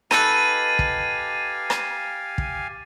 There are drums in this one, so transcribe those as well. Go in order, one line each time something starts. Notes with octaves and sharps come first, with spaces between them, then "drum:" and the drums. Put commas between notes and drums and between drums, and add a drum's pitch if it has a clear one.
D#4 G4 A4 B4 F5 G#5 A6 D#7, drum: rim click
drum: kick
drum: rim click
drum: kick